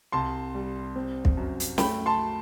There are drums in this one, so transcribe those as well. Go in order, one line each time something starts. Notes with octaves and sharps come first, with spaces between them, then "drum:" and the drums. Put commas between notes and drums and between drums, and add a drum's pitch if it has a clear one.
C2 A5 C6
G3
C4
drum: kick
F#2
drum: hi-hat
A3 G5 B5, drum: snare
A5 C6